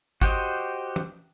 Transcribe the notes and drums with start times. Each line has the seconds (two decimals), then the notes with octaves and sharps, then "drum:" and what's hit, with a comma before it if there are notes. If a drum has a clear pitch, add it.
0.21 F#4 G4 C5 D#5, drum: kick, hi-hat
0.96 drum: tom